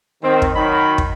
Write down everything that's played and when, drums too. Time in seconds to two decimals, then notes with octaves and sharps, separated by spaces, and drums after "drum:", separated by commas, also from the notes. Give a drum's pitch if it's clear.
0.23 D#3 C4
0.42 drum: kick
0.56 D#3 F#3 B5
0.98 drum: kick